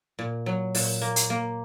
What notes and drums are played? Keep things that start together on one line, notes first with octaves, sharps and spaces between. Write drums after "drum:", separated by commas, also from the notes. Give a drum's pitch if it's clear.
A#2
F#3
A#2, drum: open hi-hat
A#3
drum: hi-hat
A#3